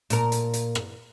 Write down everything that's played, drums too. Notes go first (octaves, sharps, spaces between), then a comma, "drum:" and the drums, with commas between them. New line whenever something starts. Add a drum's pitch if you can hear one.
A#2 A#4, drum: hi-hat
drum: hi-hat
drum: hi-hat
drum: rim click